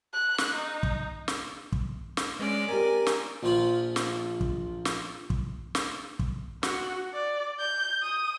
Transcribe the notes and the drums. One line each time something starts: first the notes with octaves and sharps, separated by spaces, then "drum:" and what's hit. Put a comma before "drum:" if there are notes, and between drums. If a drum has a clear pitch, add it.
F#6
drum: snare
D#4
drum: kick
drum: snare
drum: kick
drum: snare
G#3 C#4 D5
C4 F4 G4 A#4 G#5
drum: snare
A#1 F3 F4 B5
drum: snare
drum: kick
drum: snare
drum: kick
drum: snare
drum: kick
F#4, drum: snare
D5
G6
D#6